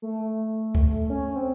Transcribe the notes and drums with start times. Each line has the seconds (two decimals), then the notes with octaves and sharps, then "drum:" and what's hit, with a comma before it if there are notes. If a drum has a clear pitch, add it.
0.02 A3
0.75 drum: kick C#2
1.10 C#4
1.36 C4